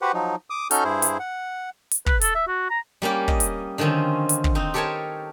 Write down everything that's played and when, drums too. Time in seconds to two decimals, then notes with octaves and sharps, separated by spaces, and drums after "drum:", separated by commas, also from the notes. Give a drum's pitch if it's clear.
0.02 F#4 G4 B4 C5 F#5
0.14 F3 F#3 D#4
0.50 D6 D#6
0.71 C#4 D#4 F#4 A4 F6 G6, drum: hi-hat
0.84 G2 E4 G#4 C5
1.02 drum: hi-hat
1.19 F#5
1.91 drum: hi-hat
2.06 B4, drum: kick
2.21 A4, drum: hi-hat
2.35 E5
2.47 F#4
2.70 A#5
3.02 G3 A#3 C#4 G4
3.28 D#5, drum: kick
3.40 drum: hi-hat
3.78 D3 D#3 F3 C4 C#4
4.29 drum: hi-hat
4.44 drum: kick
4.55 C4 D#4
4.74 G4 A4 A#4 C#5 G#5 A5